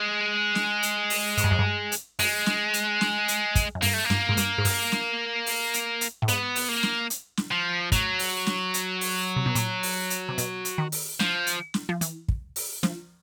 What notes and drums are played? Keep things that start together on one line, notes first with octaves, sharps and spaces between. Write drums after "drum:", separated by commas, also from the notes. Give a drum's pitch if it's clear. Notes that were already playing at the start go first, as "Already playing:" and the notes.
Already playing: G#3
drum: snare
drum: hi-hat
drum: open hi-hat
G#2, drum: hi-hat
G2
F#2
G2
drum: hi-hat
F#2 G#3, drum: open hi-hat
drum: snare
drum: hi-hat
drum: snare
drum: hi-hat
drum: kick, hi-hat
F#2
G2 A#3, drum: open hi-hat
A3
A#3
G2, drum: snare
G#2
G2, drum: hi-hat
G#2
G2, drum: open hi-hat
drum: snare
drum: open hi-hat
drum: hi-hat
drum: hi-hat
A2
G#2 B3, drum: hi-hat
drum: open hi-hat
A#3
drum: snare
drum: hi-hat
drum: snare
F3
A2 F#3, drum: kick, hi-hat
drum: open hi-hat
drum: snare
drum: hi-hat
drum: open hi-hat
C3
B2
A#2, drum: hi-hat
drum: open hi-hat
drum: hi-hat
C3
B2, drum: hi-hat
drum: hi-hat
D#3
drum: open hi-hat
F3, drum: snare
drum: hi-hat
drum: snare
F3
E3, drum: hi-hat
drum: kick
drum: open hi-hat
F3, drum: snare